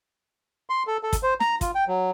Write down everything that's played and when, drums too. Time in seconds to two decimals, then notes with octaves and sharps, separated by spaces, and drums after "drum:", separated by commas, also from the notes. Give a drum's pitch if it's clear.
0.70 C6
0.87 A4
1.03 A4
1.13 drum: kick, hi-hat
1.23 C5
1.40 A#5, drum: snare
1.61 F4, drum: kick, hi-hat
1.75 G5
1.88 F#3